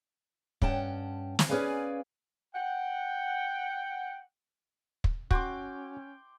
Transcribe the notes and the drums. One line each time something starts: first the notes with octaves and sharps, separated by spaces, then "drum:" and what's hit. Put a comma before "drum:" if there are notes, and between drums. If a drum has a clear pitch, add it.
G2 C#4 F#5 G5 A5, drum: kick
drum: snare
C#4 G#4 B4 D5 F5 G#5
F#5 G5
drum: kick
C#4 F#4 G5 C6 D6, drum: kick